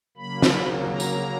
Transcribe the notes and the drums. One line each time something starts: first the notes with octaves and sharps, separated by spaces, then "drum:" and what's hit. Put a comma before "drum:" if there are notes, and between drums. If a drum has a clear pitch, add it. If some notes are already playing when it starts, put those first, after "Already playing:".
C#3 F#3 A#3 B5
drum: snare
A#5
drum: tambourine